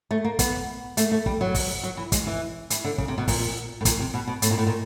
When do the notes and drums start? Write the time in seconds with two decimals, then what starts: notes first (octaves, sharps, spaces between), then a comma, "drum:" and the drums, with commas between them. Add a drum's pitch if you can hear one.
0.11 A3
0.24 A#3
0.39 B3, drum: kick, hi-hat
0.97 A3, drum: hi-hat
1.11 A3
1.26 G3, drum: kick
1.41 F#3
1.55 drum: kick, open hi-hat
1.83 F#3
1.97 E3
2.12 G#3, drum: kick, hi-hat
2.27 E3
2.70 E3, drum: hi-hat
2.84 D3
2.98 C#3, drum: kick
3.08 C3
3.18 B2
3.28 A#2, drum: kick, open hi-hat
3.81 A2
3.85 A#2, drum: kick, hi-hat
3.99 C3
4.14 B2
4.27 B2
4.42 A2, drum: hi-hat
4.51 A#2
4.58 A2
4.66 A#2